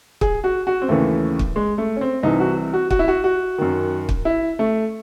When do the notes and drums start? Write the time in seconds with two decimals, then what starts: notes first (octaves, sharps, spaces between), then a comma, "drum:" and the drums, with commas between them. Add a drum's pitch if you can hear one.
0.21 G#4, drum: kick
0.44 F#4
0.67 F#4
0.82 C4
0.89 D#2 C#3 E3 A3
1.39 drum: kick
1.56 G#3
1.78 A3
1.96 C#4
2.01 C4
2.23 C2 C3 E3 D#4
2.40 F#4
2.73 F#4
2.90 F#4, drum: kick
2.99 E4
3.08 F#4
3.24 F#4
3.58 F#2 D#3
4.09 drum: kick
4.25 E4
4.59 A3